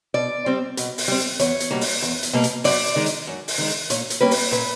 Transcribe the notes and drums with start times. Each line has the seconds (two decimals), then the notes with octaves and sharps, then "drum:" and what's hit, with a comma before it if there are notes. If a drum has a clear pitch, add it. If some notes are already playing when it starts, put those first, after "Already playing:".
0.14 B2 D5
0.46 G3 C4
0.77 B2, drum: hi-hat
0.98 drum: open hi-hat
1.08 G3 C4
1.40 E2 C#5, drum: hi-hat
1.60 drum: hi-hat
1.71 B2 G3 A#3
1.81 drum: open hi-hat
2.02 E2
2.23 drum: hi-hat
2.33 B2 G3 A#3
2.44 drum: hi-hat
2.64 F#2 D5, drum: open hi-hat
2.96 D#3 G#3
3.06 drum: hi-hat
3.27 F#2
3.48 drum: open hi-hat
3.58 D#3 G#3
3.90 A#2 C#5, drum: hi-hat
4.10 drum: hi-hat
4.21 G3 A#3 C#4 B4
4.31 drum: open hi-hat
4.51 A#2 B4